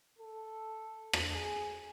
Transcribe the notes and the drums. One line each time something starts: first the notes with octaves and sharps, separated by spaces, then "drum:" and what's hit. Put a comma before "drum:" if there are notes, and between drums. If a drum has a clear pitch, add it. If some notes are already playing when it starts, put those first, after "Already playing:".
A4
drum: rim click
G#4